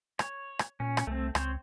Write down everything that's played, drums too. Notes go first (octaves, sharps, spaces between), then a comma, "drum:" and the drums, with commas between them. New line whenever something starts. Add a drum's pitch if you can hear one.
C#5, drum: rim click
drum: rim click
A#2 C#4
drum: rim click
C2 A3 C4
C#2 C4 C5 C#5, drum: rim click